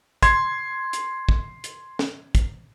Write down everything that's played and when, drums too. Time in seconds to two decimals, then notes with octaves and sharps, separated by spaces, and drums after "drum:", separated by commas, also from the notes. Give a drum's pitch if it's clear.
0.22 C6 G#6, drum: kick, hi-hat
0.93 drum: hi-hat
1.29 drum: kick
1.64 drum: hi-hat
1.99 drum: snare
2.35 drum: kick, hi-hat